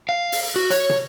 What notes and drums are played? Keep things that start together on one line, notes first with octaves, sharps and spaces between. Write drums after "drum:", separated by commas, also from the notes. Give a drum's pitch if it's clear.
F5
drum: open hi-hat
F#4
C#5, drum: hi-hat
drum: tom